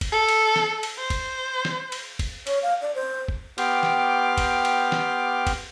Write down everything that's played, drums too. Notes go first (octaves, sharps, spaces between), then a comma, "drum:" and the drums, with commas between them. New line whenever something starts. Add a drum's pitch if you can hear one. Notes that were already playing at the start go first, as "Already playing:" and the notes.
drum: kick, cymbal
A4
drum: cymbal
drum: snare
drum: cymbal
C5
drum: kick, cymbal
drum: snare
drum: cymbal
drum: kick, cymbal
C#5, drum: cymbal
F5
D5
C5
drum: kick
B3 G4 G5 C6 D6 F6, drum: cymbal
drum: snare
drum: kick, cymbal
drum: cymbal
drum: snare
drum: kick, cymbal